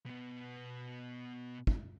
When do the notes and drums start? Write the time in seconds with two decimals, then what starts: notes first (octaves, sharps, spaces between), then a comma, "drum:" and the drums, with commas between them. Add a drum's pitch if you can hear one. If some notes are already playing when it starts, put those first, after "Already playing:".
0.06 B2 B3
1.67 drum: kick